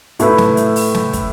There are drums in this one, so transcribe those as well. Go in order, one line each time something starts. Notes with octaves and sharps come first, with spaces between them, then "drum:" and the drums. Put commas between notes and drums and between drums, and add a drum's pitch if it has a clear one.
A2 A3 E4 B4, drum: hi-hat
drum: snare
drum: hi-hat
drum: open hi-hat
drum: snare
drum: kick, hi-hat